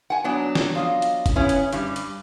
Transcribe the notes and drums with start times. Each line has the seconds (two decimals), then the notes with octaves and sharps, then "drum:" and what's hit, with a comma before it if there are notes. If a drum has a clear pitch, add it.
0.10 F#5 G#5
0.24 F#3 B3 D4
0.55 drum: snare
0.75 F4 D#5 F5
1.02 drum: hi-hat
1.26 drum: kick F#1, hi-hat
1.36 B3 C#4 E4 G#4
1.49 drum: hi-hat
1.73 G2 G3, drum: hi-hat
1.96 drum: hi-hat